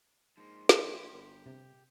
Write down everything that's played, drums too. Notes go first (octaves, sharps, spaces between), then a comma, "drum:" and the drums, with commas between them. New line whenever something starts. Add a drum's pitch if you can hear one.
G#2 F3 A#3 C6
drum: snare
A#1 G4
G1
C3